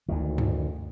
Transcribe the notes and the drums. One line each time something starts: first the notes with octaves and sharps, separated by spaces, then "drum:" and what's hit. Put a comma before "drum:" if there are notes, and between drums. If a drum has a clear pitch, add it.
D2 D#3
drum: tom